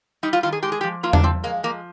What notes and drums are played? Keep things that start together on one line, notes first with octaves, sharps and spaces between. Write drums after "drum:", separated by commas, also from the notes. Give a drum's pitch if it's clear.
G3 D#4
F4
D#3 F4
G#4
G#3 G4
G#4
G4
F3
A#3 F4
D4, drum: tom E2
F3 C4
G#3 A#3
F3 A#3